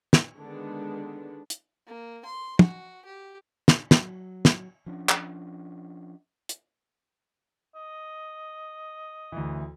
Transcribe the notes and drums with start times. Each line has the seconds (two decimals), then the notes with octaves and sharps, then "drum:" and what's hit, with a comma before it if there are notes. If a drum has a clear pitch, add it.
0.13 drum: snare
0.38 D3 D#3 G#3 B3 D4
1.50 drum: hi-hat
1.87 A#3
2.25 C6
2.59 F#4, drum: tom
3.05 G4
3.68 drum: snare
3.91 F#3, drum: snare
4.45 drum: snare
4.86 F3 C#4 D4
5.09 drum: clap
6.49 drum: hi-hat
7.75 D#5
9.32 D2 E3